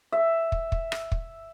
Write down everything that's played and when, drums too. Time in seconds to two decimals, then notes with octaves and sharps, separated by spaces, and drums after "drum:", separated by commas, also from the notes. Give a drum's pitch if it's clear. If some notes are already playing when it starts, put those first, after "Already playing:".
0.12 E5
0.52 drum: kick
0.72 drum: kick
0.92 drum: rim click
1.12 drum: kick